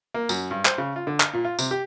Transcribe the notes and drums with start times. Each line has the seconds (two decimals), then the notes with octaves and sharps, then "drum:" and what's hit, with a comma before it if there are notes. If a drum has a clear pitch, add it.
0.14 A#3
0.29 F#2, drum: tambourine
0.51 G2
0.65 C5, drum: clap
0.78 C#3
0.96 F4
1.07 D3
1.20 F6, drum: clap
1.33 A#2
1.45 F4
1.59 C3, drum: tambourine
1.71 G4